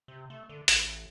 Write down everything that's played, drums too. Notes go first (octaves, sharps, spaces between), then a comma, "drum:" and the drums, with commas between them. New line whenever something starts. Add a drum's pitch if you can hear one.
C3
A3
D3
A1, drum: hi-hat